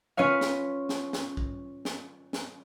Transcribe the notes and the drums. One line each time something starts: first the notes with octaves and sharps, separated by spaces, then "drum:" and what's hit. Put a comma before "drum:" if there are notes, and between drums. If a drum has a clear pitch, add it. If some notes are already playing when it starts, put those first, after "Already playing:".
C#4 F4 B4 C#5 F5
drum: snare
drum: snare
drum: snare
drum: kick
drum: snare
drum: snare